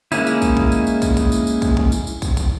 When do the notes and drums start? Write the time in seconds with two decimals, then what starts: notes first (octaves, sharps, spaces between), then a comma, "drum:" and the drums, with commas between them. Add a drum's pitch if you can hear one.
0.12 G#3 A#3 C#4 D#4 E4, drum: tambourine
0.27 drum: tambourine
0.42 drum: kick, tambourine
0.57 drum: kick
0.72 drum: tambourine
0.87 drum: tambourine
1.02 drum: kick, tambourine
1.17 drum: kick, tambourine
1.32 drum: tambourine
1.47 drum: tambourine
1.62 drum: kick, tambourine
1.77 drum: kick
1.92 drum: tambourine
2.07 drum: tambourine
2.22 drum: kick, tambourine
2.37 drum: kick, tambourine